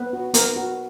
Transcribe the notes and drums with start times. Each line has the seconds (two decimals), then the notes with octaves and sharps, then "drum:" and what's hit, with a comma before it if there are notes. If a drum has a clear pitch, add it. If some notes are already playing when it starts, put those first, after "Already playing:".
Already playing: B3 B4
0.13 F#4
0.34 B3 A#4, drum: hi-hat
0.56 F#4